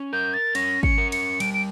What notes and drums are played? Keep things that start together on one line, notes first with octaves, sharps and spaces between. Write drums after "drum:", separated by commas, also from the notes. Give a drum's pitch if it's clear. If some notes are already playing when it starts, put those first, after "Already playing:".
Already playing: C#4
A#4 G6
A6
C#4 A#6, drum: cymbal
C#7, drum: kick
A#4
C#7, drum: cymbal
G3 D7, drum: cymbal
D7